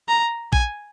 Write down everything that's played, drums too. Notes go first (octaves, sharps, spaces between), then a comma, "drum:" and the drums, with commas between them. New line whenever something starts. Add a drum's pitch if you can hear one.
A#5
G#5, drum: kick A#1